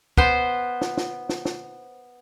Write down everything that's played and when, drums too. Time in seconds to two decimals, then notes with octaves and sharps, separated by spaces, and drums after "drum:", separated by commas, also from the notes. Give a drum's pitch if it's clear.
0.18 B3 C5, drum: kick
0.81 drum: snare
0.97 drum: snare
1.29 drum: snare
1.45 drum: snare